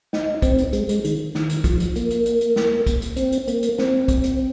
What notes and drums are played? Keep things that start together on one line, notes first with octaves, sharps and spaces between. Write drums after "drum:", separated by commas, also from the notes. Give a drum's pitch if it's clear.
D#4, drum: snare
C4, drum: kick, hi-hat
drum: hi-hat
G#3, drum: hi-hat
G#3, drum: hi-hat
D#3, drum: hi-hat
D#3, drum: snare
drum: hi-hat
F3, drum: kick, hi-hat
drum: hi-hat
A#3, drum: hi-hat
drum: hi-hat
drum: hi-hat
drum: hi-hat
drum: snare
drum: kick, hi-hat
drum: hi-hat
C4, drum: hi-hat
drum: hi-hat
A#3, drum: hi-hat
drum: hi-hat
C4, drum: snare
drum: kick, hi-hat
drum: hi-hat